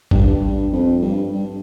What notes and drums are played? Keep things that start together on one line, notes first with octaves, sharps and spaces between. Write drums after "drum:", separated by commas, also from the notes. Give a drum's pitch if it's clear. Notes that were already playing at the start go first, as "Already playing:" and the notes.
G2, drum: kick
G2
F2
G2
G2